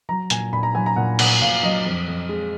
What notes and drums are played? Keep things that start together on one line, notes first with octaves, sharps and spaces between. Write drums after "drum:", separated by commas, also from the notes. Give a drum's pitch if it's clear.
F#3 A#5
A#2 G#5, drum: hi-hat
A#2 B5
A#5
F#3 G#5
A#5
A#2 F#5
A#2 F#5, drum: cymbal
A#2 F5
F#3 D#5
F2
F2
G#3